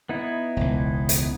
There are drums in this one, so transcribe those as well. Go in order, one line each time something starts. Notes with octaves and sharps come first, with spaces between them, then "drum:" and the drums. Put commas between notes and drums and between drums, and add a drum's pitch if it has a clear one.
B3 D#4 E4
E1 C#2
drum: hi-hat